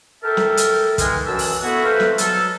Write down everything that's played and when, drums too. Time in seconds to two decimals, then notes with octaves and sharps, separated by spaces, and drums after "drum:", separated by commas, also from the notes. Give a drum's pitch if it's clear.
0.23 A4 A#4 E5 G5 A5
0.37 drum: snare
0.57 drum: hi-hat
0.98 D#3 E3 G#3, drum: kick, hi-hat
1.26 F#2 E3 A5 E6
1.39 drum: open hi-hat
1.62 A3 B3 E4 F#4
1.84 A4 B4 C5 E5 F5
2.00 drum: snare
2.18 B2 F#3 A4, drum: hi-hat